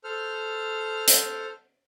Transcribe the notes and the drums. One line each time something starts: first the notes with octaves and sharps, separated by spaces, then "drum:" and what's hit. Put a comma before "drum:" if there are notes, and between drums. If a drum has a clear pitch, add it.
A4 C5 F6
drum: hi-hat